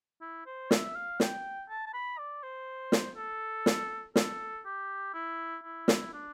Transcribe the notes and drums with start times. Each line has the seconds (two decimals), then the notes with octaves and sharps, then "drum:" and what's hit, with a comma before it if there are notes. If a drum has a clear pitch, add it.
0.21 E4
0.46 C5
0.71 E5, drum: snare
0.95 F5
1.20 G5, drum: snare
1.69 A5
1.86 A5
1.94 B5
2.18 D5
2.43 C5
2.92 drum: snare
3.16 A4
3.66 drum: snare
4.16 A4, drum: snare
4.65 G4
5.14 E4
5.63 E4
5.88 drum: snare
6.13 D4